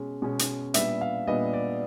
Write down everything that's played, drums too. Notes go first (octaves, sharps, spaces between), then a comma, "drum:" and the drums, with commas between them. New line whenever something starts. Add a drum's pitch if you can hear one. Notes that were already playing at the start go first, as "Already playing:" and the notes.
Already playing: B2 G#3 C#4
B2 G#3 C#4
drum: hi-hat
A#2 G3 B3 D4 E5, drum: hi-hat
F5
A#2 G3 B3 D4 D#5
D5